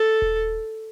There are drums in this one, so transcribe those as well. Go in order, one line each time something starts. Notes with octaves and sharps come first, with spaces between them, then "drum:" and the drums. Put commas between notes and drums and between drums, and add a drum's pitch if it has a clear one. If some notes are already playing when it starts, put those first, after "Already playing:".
Already playing: A4
drum: kick D#1